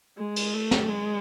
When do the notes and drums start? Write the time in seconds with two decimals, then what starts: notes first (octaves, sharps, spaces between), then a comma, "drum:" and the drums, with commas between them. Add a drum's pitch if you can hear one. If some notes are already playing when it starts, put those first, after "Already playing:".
0.18 G#3
0.36 drum: cymbal
0.54 A3
0.71 drum: snare
0.88 G#3